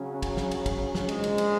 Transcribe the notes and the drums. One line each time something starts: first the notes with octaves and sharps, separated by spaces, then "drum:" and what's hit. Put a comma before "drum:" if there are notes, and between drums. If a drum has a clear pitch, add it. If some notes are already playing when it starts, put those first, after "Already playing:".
Already playing: C#3 F#3 C#4
drum: kick, cymbal
drum: snare
drum: cymbal
drum: kick, cymbal
drum: snare
A#1 G#2 G#3, drum: cymbal
drum: cymbal
drum: cymbal